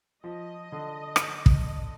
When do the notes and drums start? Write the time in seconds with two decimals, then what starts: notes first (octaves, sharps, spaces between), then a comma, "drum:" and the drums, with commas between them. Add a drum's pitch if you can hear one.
0.24 F3 D#5
0.72 D3
1.16 drum: rim click
1.46 drum: kick